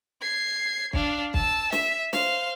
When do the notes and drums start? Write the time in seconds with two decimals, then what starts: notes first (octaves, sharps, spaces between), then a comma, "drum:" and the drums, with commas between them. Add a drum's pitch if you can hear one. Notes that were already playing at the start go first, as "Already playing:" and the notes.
0.22 G#6 C7
0.93 D4 F5, drum: kick
1.34 A5 E6, drum: kick
1.72 E5, drum: snare
2.13 C5 F5, drum: snare